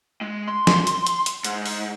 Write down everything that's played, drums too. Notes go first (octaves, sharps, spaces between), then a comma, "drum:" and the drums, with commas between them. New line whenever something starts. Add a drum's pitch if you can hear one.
G#3
C6
drum: snare
drum: hi-hat
drum: hi-hat
drum: hi-hat
G#2, drum: hi-hat
drum: open hi-hat